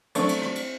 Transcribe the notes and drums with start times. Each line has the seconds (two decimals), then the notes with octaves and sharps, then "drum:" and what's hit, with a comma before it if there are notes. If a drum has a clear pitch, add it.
0.15 F#3 A3 C4 D4, drum: cymbal
0.29 drum: cymbal
0.42 drum: rim click
0.55 drum: cymbal